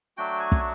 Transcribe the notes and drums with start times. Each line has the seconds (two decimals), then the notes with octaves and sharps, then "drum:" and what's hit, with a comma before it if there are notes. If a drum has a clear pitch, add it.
0.17 F#3 A3 D4 F#4 G5
0.39 G#5
0.52 drum: kick